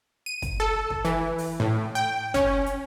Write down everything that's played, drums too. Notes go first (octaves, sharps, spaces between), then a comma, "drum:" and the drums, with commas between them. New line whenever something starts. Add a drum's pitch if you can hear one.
D#7
drum: kick, hi-hat
A4
drum: kick
E3, drum: hi-hat
drum: open hi-hat
A2
G5
C#4, drum: kick, hi-hat
drum: hi-hat